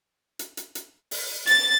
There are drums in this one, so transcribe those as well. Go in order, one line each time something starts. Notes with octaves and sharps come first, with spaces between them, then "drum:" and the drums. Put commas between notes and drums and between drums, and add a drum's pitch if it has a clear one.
drum: hi-hat
drum: hi-hat
drum: hi-hat
drum: open hi-hat
A6, drum: hi-hat